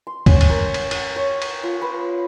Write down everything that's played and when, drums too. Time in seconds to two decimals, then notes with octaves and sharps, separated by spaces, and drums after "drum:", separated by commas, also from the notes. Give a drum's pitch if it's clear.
0.07 C6
0.26 C#4, drum: kick, cymbal
0.41 drum: cymbal
0.50 A#4
0.74 drum: cymbal
0.91 F#5, drum: cymbal
1.16 C#5
1.42 drum: cymbal
1.63 F4
1.82 B4